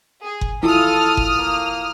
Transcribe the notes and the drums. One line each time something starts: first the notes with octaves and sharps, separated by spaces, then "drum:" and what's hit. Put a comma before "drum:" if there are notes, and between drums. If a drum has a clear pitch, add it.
G#4
drum: kick F#1
E4 F4 A4 D#6 F6
drum: kick F#1
A#3